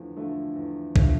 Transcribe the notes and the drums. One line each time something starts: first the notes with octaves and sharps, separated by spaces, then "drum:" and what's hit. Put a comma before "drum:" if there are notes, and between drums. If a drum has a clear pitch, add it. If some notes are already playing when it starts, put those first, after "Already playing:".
Already playing: E2 D3 F3 A3
D3 F3 A3
E2
D3 F3 A3, drum: kick